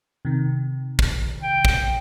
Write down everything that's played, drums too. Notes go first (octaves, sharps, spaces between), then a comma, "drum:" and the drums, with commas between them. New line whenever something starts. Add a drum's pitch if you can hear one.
C3 D#3
drum: kick
G5
drum: kick